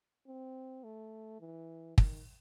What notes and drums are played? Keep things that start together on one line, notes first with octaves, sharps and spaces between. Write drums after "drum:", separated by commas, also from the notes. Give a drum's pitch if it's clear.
C4
A3
E3
D#3, drum: kick